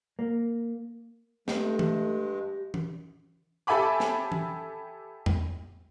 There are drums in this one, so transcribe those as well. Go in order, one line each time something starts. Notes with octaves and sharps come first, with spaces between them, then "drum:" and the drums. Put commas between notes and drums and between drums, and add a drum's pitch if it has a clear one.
A#3
G2 G#3 A3 G4, drum: snare
drum: tom
drum: tom
G4 A4 E5 G#5 B5 D6
drum: snare
drum: tom
drum: tom E2